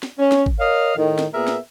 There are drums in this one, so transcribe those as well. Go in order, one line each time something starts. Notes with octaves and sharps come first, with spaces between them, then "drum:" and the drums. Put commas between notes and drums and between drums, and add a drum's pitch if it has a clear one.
drum: snare
C#4
drum: snare
drum: kick G#1
A#4 C#5 D#5 F5
A2 D#3
drum: snare
A#2 B3 G#4 A#4 E5
drum: snare